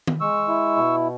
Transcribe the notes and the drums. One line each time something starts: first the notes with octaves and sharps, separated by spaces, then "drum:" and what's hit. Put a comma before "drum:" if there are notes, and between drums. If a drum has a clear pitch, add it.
drum: tom D#3
G#3 C#6 E6
E4
B2